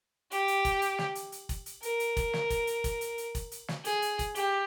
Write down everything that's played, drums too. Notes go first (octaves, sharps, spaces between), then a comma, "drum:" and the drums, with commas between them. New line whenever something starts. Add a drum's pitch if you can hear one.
G4, drum: hi-hat
drum: hi-hat
drum: kick, hi-hat
drum: hi-hat
drum: snare
drum: hi-hat
drum: hi-hat
drum: kick, hi-hat
drum: hi-hat
A#4, drum: hi-hat
drum: hi-hat
drum: kick, hi-hat
drum: snare
drum: kick, hi-hat
drum: hi-hat
drum: kick, hi-hat
drum: hi-hat
drum: hi-hat
drum: kick, hi-hat
drum: hi-hat
drum: snare
G#4, drum: hi-hat
drum: hi-hat
drum: kick, hi-hat
G4, drum: hi-hat